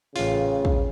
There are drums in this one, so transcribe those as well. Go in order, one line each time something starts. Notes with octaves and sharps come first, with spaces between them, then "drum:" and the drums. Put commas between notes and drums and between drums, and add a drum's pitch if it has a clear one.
A1 C#3 F4, drum: open hi-hat
drum: kick